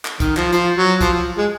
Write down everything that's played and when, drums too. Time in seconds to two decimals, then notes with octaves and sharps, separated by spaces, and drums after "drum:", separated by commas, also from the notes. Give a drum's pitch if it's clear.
0.05 drum: clap
0.20 D#3, drum: kick C2, hi-hat
0.37 F3, drum: clap
0.53 F3, drum: hi-hat
0.77 F#3
1.01 F3, drum: kick C2, hi-hat
1.13 F3
1.37 G#3